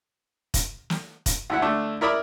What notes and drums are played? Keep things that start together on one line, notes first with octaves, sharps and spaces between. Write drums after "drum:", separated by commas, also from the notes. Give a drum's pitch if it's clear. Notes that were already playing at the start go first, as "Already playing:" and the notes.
drum: kick, hi-hat
drum: snare
drum: kick, hi-hat
D2 E4 F#5
D3 A3 D4
E4 A#4 D5 B5 D#6